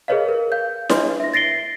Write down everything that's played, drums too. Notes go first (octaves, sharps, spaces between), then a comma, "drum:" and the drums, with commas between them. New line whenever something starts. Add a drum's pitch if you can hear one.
G#4 A#4 B4 C#5 D#5 F5
A#4
F5 G6
D4 E4 B4 C#5 D#5 C6, drum: snare E4
E5 A#6
A6 A#6 C7 D7 G7